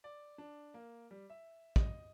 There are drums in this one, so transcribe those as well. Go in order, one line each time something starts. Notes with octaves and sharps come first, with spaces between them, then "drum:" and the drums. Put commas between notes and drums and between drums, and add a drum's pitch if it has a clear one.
D5
D4
A#3
G3
E5
D#5, drum: kick